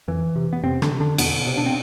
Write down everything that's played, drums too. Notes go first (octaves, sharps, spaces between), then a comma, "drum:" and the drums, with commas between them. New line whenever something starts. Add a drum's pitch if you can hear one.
F2 E3
C3
B3
F2 C3 C4
D3 D4, drum: rim click
C3
D3 D4
E2 B2 B3, drum: cymbal
C3
D4
C4